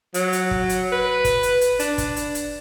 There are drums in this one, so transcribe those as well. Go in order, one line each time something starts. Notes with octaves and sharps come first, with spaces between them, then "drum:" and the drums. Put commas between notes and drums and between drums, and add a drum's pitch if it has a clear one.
F#3, drum: hi-hat
drum: hi-hat
drum: kick
drum: hi-hat
B4
drum: kick, hi-hat
drum: hi-hat
drum: hi-hat
D4, drum: hi-hat
drum: kick, hi-hat
drum: hi-hat
drum: hi-hat